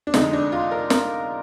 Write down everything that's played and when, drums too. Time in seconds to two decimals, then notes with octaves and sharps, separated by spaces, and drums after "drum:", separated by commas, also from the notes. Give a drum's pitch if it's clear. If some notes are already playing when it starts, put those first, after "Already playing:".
0.07 D4
0.14 F2 D3 G#3 D#4, drum: snare
0.33 D4
0.52 F4
0.71 A#4
0.90 A#4, drum: snare